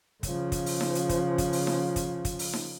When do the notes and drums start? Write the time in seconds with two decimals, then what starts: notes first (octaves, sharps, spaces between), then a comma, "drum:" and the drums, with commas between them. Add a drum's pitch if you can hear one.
0.23 C#3 F3, drum: kick, hi-hat
0.52 drum: kick, hi-hat
0.66 drum: open hi-hat
0.81 drum: snare D#4
0.95 drum: hi-hat
1.09 drum: kick, hi-hat
1.38 drum: kick, hi-hat
1.53 drum: open hi-hat
1.67 drum: snare D#4
1.96 drum: kick, hi-hat
2.25 drum: kick, hi-hat
2.39 drum: open hi-hat
2.53 drum: snare D#4